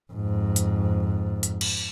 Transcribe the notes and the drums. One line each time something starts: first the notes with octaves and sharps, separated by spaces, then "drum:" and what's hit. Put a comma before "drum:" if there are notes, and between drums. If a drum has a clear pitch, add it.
F2 G#2
drum: hi-hat
drum: hi-hat
drum: cymbal